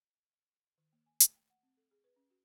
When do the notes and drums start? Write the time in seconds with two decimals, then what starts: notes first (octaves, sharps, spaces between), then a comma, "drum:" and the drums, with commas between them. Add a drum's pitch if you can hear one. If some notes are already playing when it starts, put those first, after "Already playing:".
0.78 D#3
0.93 A#3
1.06 G#5
1.20 A3, drum: hi-hat
1.36 G5
1.50 F#5
1.63 C4
1.77 A4
1.91 G#4
2.04 B4
2.16 C#4
2.30 F#4